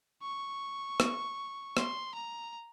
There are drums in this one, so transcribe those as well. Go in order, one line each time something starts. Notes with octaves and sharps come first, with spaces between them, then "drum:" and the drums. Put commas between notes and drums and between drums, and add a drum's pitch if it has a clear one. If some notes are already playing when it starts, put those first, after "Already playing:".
C#6
drum: rim click
C6, drum: rim click
A#5